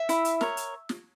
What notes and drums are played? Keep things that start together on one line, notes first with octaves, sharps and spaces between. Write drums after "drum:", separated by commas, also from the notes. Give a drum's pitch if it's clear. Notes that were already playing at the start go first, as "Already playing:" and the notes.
Already playing: E5
E4, drum: hi-hat
drum: hi-hat
A#4 C#5, drum: snare
drum: hi-hat
drum: snare